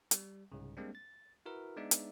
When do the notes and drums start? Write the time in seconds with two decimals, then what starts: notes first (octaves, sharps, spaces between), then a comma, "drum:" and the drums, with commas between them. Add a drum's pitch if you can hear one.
0.11 G3, drum: hi-hat
0.52 C2 G#2 C#3
0.77 G3 G#3 A#3 C4 D4
0.95 A6
1.46 E4 F#4 A#4 B4 E5
1.77 G#3 B3 D4 D#4 D5 E5
1.91 drum: hi-hat